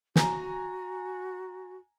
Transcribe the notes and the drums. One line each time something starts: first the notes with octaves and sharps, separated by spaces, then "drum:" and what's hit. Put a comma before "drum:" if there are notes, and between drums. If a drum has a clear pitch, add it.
F#4 G#5 A#5, drum: snare